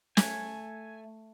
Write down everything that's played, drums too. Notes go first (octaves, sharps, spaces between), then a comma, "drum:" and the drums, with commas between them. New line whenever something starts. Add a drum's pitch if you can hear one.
A3 G#5, drum: snare